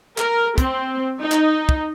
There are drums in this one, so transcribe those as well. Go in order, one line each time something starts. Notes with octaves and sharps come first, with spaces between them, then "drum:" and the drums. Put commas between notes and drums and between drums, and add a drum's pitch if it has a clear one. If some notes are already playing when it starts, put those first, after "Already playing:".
A#4, drum: clap
C4, drum: kick, hi-hat
D#4
drum: clap
drum: kick